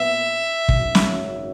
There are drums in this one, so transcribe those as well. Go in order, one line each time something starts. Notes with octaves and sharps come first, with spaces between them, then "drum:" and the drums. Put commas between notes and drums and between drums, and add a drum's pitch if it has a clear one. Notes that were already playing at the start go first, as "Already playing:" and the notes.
Already playing: A#2 F#3 B3 E5
G#1 F#2 C#3 F#3, drum: kick
drum: snare